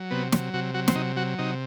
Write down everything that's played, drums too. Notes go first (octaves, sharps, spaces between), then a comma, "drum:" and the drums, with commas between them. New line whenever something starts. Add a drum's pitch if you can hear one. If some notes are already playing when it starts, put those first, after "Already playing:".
Already playing: F#3
C3 B3
F#3, drum: snare
C3 F#4
F#3 F#4
C4, drum: snare
C3 D#4
F#3 F#4
C3 D#4